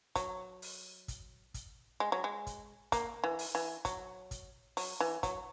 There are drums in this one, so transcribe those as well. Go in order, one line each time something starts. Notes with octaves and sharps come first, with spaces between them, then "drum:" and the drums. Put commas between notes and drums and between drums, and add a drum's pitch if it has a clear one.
F#3, drum: kick, hi-hat
drum: open hi-hat
drum: kick, hi-hat
drum: kick, hi-hat
G#3
F#3
G#3
drum: kick, hi-hat
A#3, drum: kick, hi-hat
E3
drum: open hi-hat
E3
F#3, drum: kick, hi-hat
drum: kick, hi-hat
F#3, drum: open hi-hat
E3
F#3, drum: kick, hi-hat